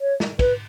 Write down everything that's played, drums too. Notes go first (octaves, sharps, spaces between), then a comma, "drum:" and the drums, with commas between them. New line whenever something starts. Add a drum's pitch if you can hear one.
C#5
drum: snare
B4, drum: kick, cymbal